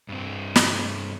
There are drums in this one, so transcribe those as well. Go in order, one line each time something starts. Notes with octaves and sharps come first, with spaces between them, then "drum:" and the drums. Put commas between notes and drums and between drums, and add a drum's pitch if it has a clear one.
G2 C4
drum: snare